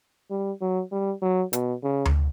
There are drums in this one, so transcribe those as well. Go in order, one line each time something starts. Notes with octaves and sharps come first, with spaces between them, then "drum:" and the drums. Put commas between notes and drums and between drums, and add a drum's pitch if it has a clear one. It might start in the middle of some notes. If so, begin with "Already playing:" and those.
G3
F#3
G3
F#3
B2, drum: hi-hat
C#3
drum: tom D2